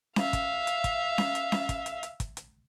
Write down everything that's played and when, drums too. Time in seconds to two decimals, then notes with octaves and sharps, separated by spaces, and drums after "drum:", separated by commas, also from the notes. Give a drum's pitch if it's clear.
0.16 E5 F5, drum: snare C#4
0.33 drum: kick, hi-hat
0.67 drum: hi-hat
0.84 drum: kick, hi-hat
1.18 drum: snare C#4
1.35 drum: hi-hat
1.52 drum: snare C#4
1.69 drum: kick, hi-hat
1.86 drum: hi-hat
2.03 drum: hi-hat
2.20 drum: kick, hi-hat
2.37 drum: hi-hat